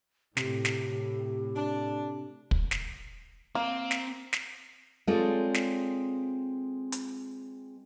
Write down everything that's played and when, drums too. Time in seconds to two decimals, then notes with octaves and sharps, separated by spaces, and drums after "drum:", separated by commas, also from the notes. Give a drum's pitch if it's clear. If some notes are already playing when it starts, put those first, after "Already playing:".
0.37 A2 C3 G4, drum: snare
0.65 drum: snare
1.56 D4
2.51 drum: kick
2.71 drum: snare
3.55 A#3 C4
3.91 drum: snare
4.33 drum: snare
5.07 G#3 C4 F4 A4 C#5 D5
5.54 drum: snare
6.92 drum: hi-hat